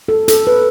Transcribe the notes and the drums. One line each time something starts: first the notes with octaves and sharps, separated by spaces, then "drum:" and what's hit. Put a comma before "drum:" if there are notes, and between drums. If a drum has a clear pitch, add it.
A4
A4, drum: hi-hat
B4